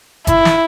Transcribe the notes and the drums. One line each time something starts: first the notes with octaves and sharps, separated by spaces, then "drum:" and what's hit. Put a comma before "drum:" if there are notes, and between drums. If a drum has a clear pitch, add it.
E4, drum: kick G1, hi-hat
drum: snare